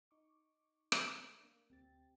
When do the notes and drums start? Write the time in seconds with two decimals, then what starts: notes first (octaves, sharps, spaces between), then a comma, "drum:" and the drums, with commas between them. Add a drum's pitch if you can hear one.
0.11 D#4 C#6 D6
0.92 drum: rim click
1.41 A#3 D4
1.70 D2 C4 G4 A6